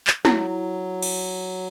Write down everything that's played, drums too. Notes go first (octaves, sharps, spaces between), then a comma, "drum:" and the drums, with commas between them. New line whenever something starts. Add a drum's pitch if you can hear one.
drum: clap
F#3 E4, drum: snare
drum: cymbal